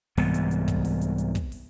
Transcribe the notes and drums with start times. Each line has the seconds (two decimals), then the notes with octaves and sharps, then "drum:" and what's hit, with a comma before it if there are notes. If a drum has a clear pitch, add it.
0.17 C2 G#2 E3 B3, drum: open hi-hat
0.34 drum: hi-hat
0.51 drum: hi-hat
0.68 drum: kick, hi-hat
0.85 drum: open hi-hat
1.01 drum: hi-hat
1.18 drum: hi-hat
1.35 drum: kick, hi-hat
1.52 drum: open hi-hat